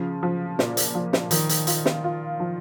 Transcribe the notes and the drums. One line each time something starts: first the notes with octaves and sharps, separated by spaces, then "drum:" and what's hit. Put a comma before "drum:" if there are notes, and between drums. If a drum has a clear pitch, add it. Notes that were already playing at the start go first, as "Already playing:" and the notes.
Already playing: C#3 F3
F3
A#2, drum: snare
drum: hi-hat
F3
drum: snare
D#3 F3, drum: hi-hat
drum: hi-hat
F4, drum: hi-hat
drum: snare
F4
F3